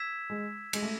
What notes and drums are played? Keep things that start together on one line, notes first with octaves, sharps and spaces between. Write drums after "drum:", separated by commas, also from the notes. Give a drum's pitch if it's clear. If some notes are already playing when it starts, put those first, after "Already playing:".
Already playing: E6 G#6 B6 E7
G#3
G#3, drum: cymbal
A3